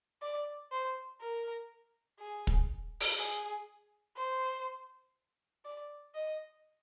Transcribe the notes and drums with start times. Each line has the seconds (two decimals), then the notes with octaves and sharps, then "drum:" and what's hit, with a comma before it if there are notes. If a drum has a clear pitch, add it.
0.22 D5
0.72 C5
1.21 A#4
2.20 G#4
2.47 drum: kick
3.00 drum: open hi-hat
3.19 G#4
4.17 C5
5.65 D5
6.15 D#5